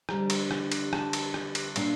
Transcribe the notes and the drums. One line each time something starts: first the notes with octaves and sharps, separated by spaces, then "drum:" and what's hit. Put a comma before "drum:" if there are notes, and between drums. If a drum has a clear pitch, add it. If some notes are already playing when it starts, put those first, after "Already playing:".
F2 D3 G3 D4 A#5, drum: rim click
drum: cymbal
drum: rim click
drum: cymbal
A5, drum: rim click
drum: cymbal
drum: rim click
drum: cymbal
A#2 A3 D4 F5, drum: cymbal